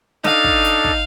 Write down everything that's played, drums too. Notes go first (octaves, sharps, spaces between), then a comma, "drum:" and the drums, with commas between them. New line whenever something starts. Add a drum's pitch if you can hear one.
D4 D#4 A4 D#5 F5, drum: snare
drum: kick
drum: hi-hat
drum: kick